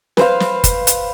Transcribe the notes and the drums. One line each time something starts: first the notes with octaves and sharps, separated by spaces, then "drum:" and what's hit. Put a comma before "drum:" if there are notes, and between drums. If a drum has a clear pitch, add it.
B4 C5 F5, drum: snare
drum: snare
drum: kick, hi-hat
drum: hi-hat